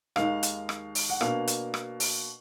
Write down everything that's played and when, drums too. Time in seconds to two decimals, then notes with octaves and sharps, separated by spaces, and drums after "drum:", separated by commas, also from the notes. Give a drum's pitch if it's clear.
0.16 D#2 D#3 G#3 D#4 F5, drum: rim click
0.43 drum: hi-hat
0.69 drum: rim click
0.95 drum: open hi-hat
1.10 F#5
1.21 B2 A#3 D4 F5, drum: rim click
1.47 drum: hi-hat
1.74 drum: rim click
2.00 drum: open hi-hat